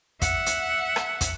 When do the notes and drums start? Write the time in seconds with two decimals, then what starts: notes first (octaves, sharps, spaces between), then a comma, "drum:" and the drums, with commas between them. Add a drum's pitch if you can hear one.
0.22 E5 F#5, drum: kick, hi-hat
0.46 drum: hi-hat
0.96 drum: rim click
1.21 drum: kick, hi-hat